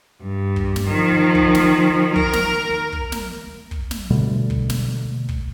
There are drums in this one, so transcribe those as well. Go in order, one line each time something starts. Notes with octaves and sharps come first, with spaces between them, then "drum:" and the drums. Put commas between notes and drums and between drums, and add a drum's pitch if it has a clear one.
G2
drum: kick
drum: snare
D#3 F3
drum: kick
drum: snare
A#4, drum: kick
drum: snare
drum: kick
drum: snare
drum: kick
drum: snare
B2 D3 G3 A3
drum: kick
drum: snare
drum: kick